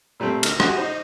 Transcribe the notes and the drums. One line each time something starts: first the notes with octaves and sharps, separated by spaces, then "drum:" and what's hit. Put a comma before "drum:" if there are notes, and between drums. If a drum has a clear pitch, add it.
A#2 G3 A3 C4
D2 D#3 F6, drum: cymbal
F#4 G4 G#5 D#6, drum: rim click
D#4 C5